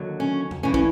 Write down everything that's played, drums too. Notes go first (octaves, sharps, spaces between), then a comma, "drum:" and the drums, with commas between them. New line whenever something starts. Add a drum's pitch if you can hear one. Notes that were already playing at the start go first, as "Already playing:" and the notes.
Already playing: D#2 D3 F#3
C#4
drum: tom E2
G2 E3 C#4
C#4, drum: kick